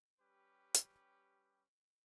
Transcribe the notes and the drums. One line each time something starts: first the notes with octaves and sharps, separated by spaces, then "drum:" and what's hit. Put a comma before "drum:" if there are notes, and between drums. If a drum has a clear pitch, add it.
G3 C#4 G4 B4
drum: hi-hat